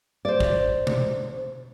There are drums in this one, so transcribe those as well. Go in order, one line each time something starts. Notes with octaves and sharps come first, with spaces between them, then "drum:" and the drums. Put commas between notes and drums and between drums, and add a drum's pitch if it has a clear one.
C5 D5
drum: kick
drum: tom B2